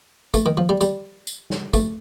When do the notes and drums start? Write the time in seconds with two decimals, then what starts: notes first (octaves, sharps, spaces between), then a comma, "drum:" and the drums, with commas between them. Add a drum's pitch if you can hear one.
0.34 A3, drum: kick, tambourine
0.46 D#3
0.57 F3
0.69 G3
0.81 G3, drum: tambourine
1.27 drum: tambourine
1.50 drum: snare
1.74 A3, drum: kick, tambourine